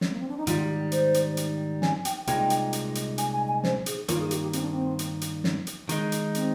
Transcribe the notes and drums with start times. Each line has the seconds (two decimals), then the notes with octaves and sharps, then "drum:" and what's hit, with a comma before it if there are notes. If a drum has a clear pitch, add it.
0.01 drum: snare
0.11 A#3
0.20 C4
0.28 D4
0.37 D#4
0.47 G#2 D#3 G3 F4, drum: hi-hat
0.62 G4
0.92 C5, drum: hi-hat
1.14 drum: hi-hat
1.37 drum: hi-hat
1.82 G#5, drum: snare
2.05 G5, drum: hi-hat
2.27 C2 A#2 G#3 D#4 G5, drum: hi-hat
2.50 drum: hi-hat
2.73 drum: hi-hat
2.95 drum: hi-hat
3.18 G#5, drum: hi-hat
3.33 G#5
3.48 G#5
3.64 C5, drum: snare
3.86 G#4, drum: hi-hat
4.08 G2 D#3 A#3 F4, drum: hi-hat
4.19 G#4
4.31 G4, drum: hi-hat
4.43 G4
4.53 C4, drum: hi-hat
4.62 D4
4.71 C4
4.99 drum: hi-hat
5.21 drum: hi-hat
5.44 drum: snare
5.67 drum: hi-hat
5.89 D#3 G#3 D#4, drum: hi-hat
6.12 drum: hi-hat
6.35 C4, drum: hi-hat